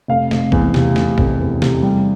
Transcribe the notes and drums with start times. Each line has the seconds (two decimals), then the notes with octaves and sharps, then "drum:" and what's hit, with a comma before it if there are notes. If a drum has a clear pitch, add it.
0.08 F1 F5
0.31 F1, drum: snare
0.52 E2, drum: kick
0.74 C3, drum: snare
0.96 F1, drum: snare
1.18 F1, drum: kick
1.40 E2
1.62 C3, drum: snare
1.83 G3